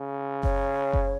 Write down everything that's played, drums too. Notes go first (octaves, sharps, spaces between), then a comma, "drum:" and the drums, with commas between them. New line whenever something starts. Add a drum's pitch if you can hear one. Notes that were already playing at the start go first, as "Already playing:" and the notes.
Already playing: C#3
C#5, drum: kick F#1
drum: kick F#1